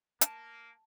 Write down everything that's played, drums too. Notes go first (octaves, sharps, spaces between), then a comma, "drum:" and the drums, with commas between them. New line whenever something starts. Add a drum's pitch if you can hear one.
A#3 A5, drum: hi-hat